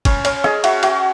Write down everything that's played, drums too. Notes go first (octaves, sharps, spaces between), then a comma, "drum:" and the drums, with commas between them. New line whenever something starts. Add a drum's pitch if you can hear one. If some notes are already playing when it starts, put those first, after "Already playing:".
C#4, drum: kick, cymbal
C#4 C#5, drum: cymbal
G#4 D#5, drum: rim click
F#4 E5, drum: cymbal
F#4 E5, drum: cymbal